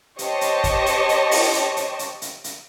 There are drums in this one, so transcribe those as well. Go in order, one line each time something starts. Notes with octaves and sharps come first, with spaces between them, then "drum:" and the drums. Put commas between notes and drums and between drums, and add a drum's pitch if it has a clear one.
G4 C5 C#5 D#5 A5 C#6, drum: hi-hat
drum: hi-hat
drum: kick, hi-hat
drum: hi-hat
drum: hi-hat
drum: open hi-hat
drum: hi-hat
drum: hi-hat
drum: hi-hat
drum: hi-hat
drum: hi-hat